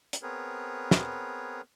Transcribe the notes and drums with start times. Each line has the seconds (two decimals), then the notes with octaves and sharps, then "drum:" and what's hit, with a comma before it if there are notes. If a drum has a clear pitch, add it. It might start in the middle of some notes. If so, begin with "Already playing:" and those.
0.13 drum: hi-hat
0.22 B3 C4 G#4 A#4 B4 C#5
0.91 drum: snare